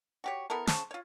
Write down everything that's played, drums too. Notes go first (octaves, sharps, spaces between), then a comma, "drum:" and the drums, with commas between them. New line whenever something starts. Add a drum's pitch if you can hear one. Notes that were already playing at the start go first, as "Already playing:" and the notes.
F#4 G4 C#5
B3 E4 A4 A#4
C#3 C5 A5 C#6, drum: snare
F4 C#5